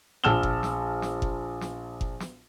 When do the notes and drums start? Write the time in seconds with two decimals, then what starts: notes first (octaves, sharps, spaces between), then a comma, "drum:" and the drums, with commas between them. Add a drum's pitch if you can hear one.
0.24 A#1 A5 E6 F6 E7 G7
0.43 drum: kick F#1
0.63 drum: snare
1.02 drum: snare
1.22 drum: kick F#1
1.61 drum: snare
2.01 drum: kick F#1
2.20 drum: snare